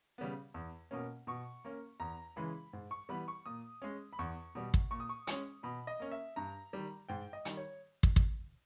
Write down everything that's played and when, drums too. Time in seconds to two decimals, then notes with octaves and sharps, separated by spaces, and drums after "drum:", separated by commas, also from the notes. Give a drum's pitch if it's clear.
0.18 C#3 G3 B3
0.54 E2
0.91 B2 A#3 C#4
1.27 B2 C#6
1.65 A#3 C#4
2.00 E2 A#5
2.36 C#3 E3 G#3 B5
2.73 G#2
2.91 C#6
3.09 E3 G3 B3 B5
3.28 C#6
3.46 A#2 D#6
3.82 G#3 C#4
4.13 B5
4.19 E2 C#6
4.55 B2 G3
4.74 drum: kick
4.91 A#2 C#6
5.00 D#6
5.09 C#6
5.27 G#3 C#4, drum: hi-hat
5.63 B2 B5
5.87 D#5
6.00 A#3 C#4
6.11 E5
6.36 G2 A#5
6.73 D#3 G3
7.09 G#2 G5
7.33 D#5
7.45 D#3 G3, drum: hi-hat
7.57 C#5
8.03 drum: kick
8.16 drum: kick